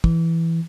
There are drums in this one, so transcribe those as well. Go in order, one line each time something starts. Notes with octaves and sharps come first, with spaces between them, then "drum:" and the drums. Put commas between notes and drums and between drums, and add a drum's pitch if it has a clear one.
E3, drum: kick